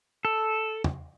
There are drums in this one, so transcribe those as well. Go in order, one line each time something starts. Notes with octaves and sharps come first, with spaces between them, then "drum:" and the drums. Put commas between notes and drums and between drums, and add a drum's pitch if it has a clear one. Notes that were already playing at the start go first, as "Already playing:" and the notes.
A4
drum: tom